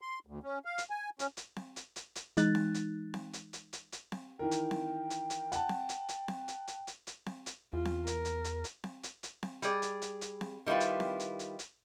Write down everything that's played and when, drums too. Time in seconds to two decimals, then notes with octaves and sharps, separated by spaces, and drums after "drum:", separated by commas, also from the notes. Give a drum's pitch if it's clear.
0.01 C6
0.27 D2
0.43 C#4
0.65 F5
0.78 drum: hi-hat
0.90 G#5
1.19 C#4, drum: hi-hat
1.37 drum: hi-hat
1.56 drum: snare C4
1.76 drum: hi-hat
1.96 drum: hi-hat
2.15 drum: hi-hat
2.37 E3 G#3 D#4 F#6 A6, drum: hi-hat
2.55 drum: snare C4
2.74 drum: hi-hat
3.14 drum: snare C4
3.33 drum: hi-hat
3.53 drum: hi-hat
3.73 drum: hi-hat
3.92 drum: hi-hat
4.12 drum: snare C4
4.39 D#3 E3 A#4 G5
4.51 drum: hi-hat
4.71 drum: snare C4
5.10 drum: hi-hat
5.30 drum: hi-hat
5.52 F#5 A5, drum: hi-hat
5.69 drum: snare C4
5.89 drum: hi-hat
6.08 drum: hi-hat
6.28 drum: snare C4
6.48 drum: hi-hat
6.67 drum: hi-hat
6.87 drum: hi-hat
7.07 drum: hi-hat
7.26 drum: snare C4
7.46 drum: hi-hat
7.73 E2 F4
7.85 drum: snare C4
8.07 A#4, drum: hi-hat
8.25 drum: hi-hat
8.44 drum: hi-hat
8.64 drum: hi-hat
8.84 drum: snare C4
9.03 drum: hi-hat
9.23 drum: hi-hat
9.43 drum: snare C4
9.62 G3 G#4 D5, drum: hi-hat
9.82 drum: hi-hat
10.02 drum: hi-hat
10.21 drum: hi-hat
10.41 drum: snare C4
10.66 D#3 G3 E4 F4 B4
10.80 drum: hi-hat
11.00 drum: snare C4
11.20 drum: hi-hat
11.39 drum: hi-hat
11.59 drum: hi-hat